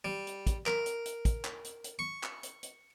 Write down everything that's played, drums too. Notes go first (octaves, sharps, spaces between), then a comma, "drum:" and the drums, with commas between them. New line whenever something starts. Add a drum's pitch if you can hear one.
G3
drum: hi-hat
drum: kick, hi-hat
A#4, drum: clap
drum: hi-hat
drum: hi-hat
drum: kick, hi-hat
drum: clap
drum: hi-hat
drum: hi-hat
C#6
drum: clap
drum: hi-hat
drum: hi-hat